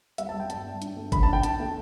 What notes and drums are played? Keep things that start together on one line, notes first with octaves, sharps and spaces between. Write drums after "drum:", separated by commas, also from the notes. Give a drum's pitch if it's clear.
G3 E5, drum: hi-hat
A5
G3
G5
G2 A5, drum: hi-hat
G2
D4, drum: hi-hat
A3
D4 B5, drum: kick G#1, hi-hat
A5
D4 G5
D4 A5, drum: hi-hat
A3